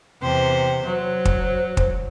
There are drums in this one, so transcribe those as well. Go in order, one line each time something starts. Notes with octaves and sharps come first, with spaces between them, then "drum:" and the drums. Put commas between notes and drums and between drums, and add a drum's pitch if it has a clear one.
E2 C3 C5 G5
F#3 C5
drum: kick
drum: kick